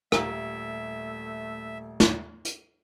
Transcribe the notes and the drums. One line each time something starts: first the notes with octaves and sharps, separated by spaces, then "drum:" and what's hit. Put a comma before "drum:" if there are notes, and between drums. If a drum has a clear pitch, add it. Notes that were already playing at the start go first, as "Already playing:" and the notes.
D#1 A3 G4 E5 F5 A#5, drum: rim click
drum: snare
drum: hi-hat